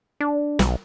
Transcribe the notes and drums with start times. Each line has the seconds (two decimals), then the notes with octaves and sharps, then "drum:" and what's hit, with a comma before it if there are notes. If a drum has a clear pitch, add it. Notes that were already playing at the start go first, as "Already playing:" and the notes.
0.20 D4
0.59 B1, drum: snare